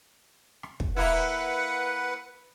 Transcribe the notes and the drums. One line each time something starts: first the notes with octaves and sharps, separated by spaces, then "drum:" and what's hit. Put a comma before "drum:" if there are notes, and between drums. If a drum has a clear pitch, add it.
drum: rim click
drum: kick
A#3 E4 B4 F#5